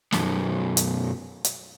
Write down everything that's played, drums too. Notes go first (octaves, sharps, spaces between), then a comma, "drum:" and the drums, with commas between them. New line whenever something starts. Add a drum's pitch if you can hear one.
B1 F#2, drum: snare
drum: hi-hat
drum: hi-hat